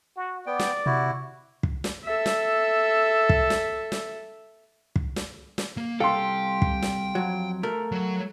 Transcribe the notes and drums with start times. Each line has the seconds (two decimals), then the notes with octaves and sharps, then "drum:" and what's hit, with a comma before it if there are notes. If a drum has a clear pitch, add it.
0.17 F#4
0.47 B3 D5 G5
0.59 drum: snare
0.86 C3 E4 F#4
1.63 drum: kick
1.84 drum: snare
2.05 A4 E5
2.26 drum: snare
3.29 drum: kick
3.50 drum: snare
3.92 drum: snare
4.96 drum: kick
5.16 drum: snare
5.58 drum: snare
5.77 A#3
6.00 C2 G4 A4 F5 G5 C6
6.62 drum: kick
6.82 drum: snare
7.15 F2 F#3
7.63 A3 A#4
7.92 F#3